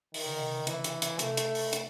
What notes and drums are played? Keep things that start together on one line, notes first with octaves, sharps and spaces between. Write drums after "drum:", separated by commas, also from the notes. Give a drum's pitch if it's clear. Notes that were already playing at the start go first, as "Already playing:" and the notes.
D#3, drum: open hi-hat
C#3
C3
C#3
E3, drum: hi-hat
drum: hi-hat
drum: hi-hat
C3 A3, drum: hi-hat
drum: hi-hat
drum: open hi-hat
drum: hi-hat